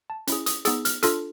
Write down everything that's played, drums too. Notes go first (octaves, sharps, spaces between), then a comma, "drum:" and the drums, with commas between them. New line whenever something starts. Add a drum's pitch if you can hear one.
A5
C#4 E4 G#4, drum: hi-hat
D#6, drum: hi-hat
B3 D#4 G#4 E6, drum: hi-hat
F6, drum: hi-hat
D4 F4 A4 F6, drum: hi-hat